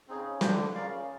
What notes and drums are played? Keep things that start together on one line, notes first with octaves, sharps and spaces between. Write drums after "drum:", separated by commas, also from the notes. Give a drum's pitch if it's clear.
C#3 C4 D#4 G#4
D3 D4 G4 C5, drum: snare
C#3 F4 A#4 D5 F5